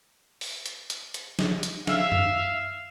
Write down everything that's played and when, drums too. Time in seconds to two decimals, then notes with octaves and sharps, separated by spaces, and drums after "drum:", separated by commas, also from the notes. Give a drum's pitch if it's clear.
0.41 drum: open hi-hat
0.66 drum: hi-hat
0.90 drum: hi-hat
1.14 drum: hi-hat
1.39 drum: snare
1.63 drum: hi-hat
1.87 E5 F5, drum: snare
2.12 drum: tom F#2